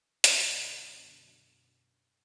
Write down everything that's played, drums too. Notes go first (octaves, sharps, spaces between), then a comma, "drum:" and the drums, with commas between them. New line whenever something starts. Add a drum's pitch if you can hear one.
F#2 B2 D3, drum: hi-hat